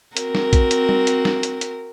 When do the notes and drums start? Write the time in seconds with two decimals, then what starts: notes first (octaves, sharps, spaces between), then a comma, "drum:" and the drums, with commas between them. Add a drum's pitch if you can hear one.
0.17 C4 F#4 A#4, drum: hi-hat
0.35 drum: snare
0.53 drum: kick A#1, hi-hat
0.71 drum: hi-hat
0.89 drum: tom G3
1.07 drum: hi-hat
1.25 drum: snare
1.43 drum: hi-hat
1.61 drum: hi-hat